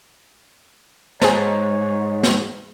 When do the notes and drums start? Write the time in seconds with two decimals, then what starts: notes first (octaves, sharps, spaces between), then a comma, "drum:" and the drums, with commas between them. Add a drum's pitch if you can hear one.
1.21 G#2 G#4 C5 C#5 A5, drum: snare
2.23 drum: snare